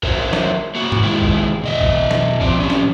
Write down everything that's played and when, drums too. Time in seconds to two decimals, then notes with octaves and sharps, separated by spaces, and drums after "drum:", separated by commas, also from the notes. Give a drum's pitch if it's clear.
0.03 F#4 A#4 C5 C#5 E5, drum: kick
0.33 drum: snare
0.75 A#3 F#4
0.92 drum: tom
1.02 D#3 G#3 E4
1.22 drum: kick
1.63 B2 D#5 E5
1.81 drum: kick
2.11 drum: snare
2.41 F3 C4 D5, drum: kick
2.60 C#4 G4
2.70 drum: snare